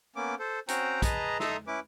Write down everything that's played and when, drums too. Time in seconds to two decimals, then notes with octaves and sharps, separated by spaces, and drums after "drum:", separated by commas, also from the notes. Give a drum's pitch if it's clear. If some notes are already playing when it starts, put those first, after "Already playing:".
0.16 A#3 B3 C#4 D6
0.39 A4 C5
0.68 C4 C#4 F#4 C5 G5 A#5, drum: hi-hat
1.02 G#4 B4 D#5 A5 A#5, drum: kick, hi-hat
1.40 D#4 A4 E5 A#5 C6 D#6, drum: snare
1.67 C#4 E4 B4 D6